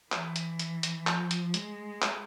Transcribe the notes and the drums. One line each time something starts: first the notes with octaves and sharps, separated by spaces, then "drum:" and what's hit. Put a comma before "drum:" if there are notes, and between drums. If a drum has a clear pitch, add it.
E3, drum: clap
drum: hi-hat
drum: hi-hat
drum: hi-hat
F3, drum: clap
drum: hi-hat
G#3, drum: hi-hat
drum: clap